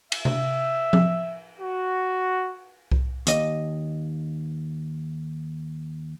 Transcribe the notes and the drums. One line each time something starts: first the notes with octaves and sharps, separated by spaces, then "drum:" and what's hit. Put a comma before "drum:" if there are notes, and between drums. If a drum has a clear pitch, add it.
E5, drum: cymbal
drum: tom C3
drum: tom F3
F#4
drum: kick C2
D#2 D#5, drum: hi-hat